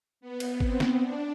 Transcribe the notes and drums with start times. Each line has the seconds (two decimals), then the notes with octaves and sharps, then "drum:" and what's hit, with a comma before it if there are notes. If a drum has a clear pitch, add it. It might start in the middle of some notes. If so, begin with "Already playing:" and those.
0.21 B3
0.40 drum: cymbal
0.60 C4, drum: kick G1
0.80 drum: snare
1.00 D4